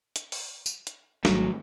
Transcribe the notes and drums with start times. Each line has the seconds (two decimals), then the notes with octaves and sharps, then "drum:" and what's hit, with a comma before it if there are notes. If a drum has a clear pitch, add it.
0.16 drum: hi-hat
0.32 drum: open hi-hat
0.66 drum: tambourine
0.87 drum: hi-hat
1.25 G#1 F#3 A3, drum: snare